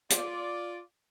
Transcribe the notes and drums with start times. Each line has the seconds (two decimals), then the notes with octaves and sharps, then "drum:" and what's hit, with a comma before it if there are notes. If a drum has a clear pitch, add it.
0.10 F4 D5, drum: hi-hat